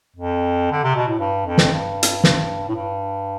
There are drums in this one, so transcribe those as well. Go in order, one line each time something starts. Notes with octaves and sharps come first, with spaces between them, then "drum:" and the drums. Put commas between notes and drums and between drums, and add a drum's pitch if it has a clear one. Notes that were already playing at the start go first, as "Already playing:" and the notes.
F2
D3
C3
B2
A2
G2
F2
drum: snare
G2
drum: hi-hat
drum: snare
A2
G2